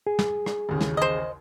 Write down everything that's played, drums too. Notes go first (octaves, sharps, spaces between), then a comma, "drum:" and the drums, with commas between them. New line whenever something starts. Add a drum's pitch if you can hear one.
G#4
drum: snare
drum: rim click
A1 D#2 C#3
drum: snare
C5 D#5